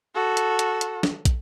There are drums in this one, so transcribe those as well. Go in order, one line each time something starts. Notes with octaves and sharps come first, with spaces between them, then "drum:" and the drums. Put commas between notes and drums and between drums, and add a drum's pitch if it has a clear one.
F#4 A4
drum: hi-hat
drum: hi-hat
drum: hi-hat
drum: snare
drum: kick, hi-hat